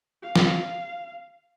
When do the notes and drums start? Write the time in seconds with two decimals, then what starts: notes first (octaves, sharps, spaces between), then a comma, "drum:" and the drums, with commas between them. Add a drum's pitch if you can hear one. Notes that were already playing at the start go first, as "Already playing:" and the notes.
0.23 F5
0.36 drum: snare